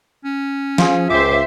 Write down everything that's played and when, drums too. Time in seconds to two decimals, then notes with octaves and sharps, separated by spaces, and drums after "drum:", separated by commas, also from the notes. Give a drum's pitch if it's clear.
0.25 C#4
0.78 F3 F4 G#4, drum: snare
1.10 C#2 C5 E5 G5 D6